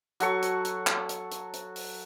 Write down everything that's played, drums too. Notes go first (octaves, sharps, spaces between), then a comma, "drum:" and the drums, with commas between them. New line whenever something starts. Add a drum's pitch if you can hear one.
F#3 F#4 A4 C#6, drum: hi-hat
drum: hi-hat
drum: hi-hat
drum: clap
drum: hi-hat
drum: hi-hat
drum: hi-hat
drum: open hi-hat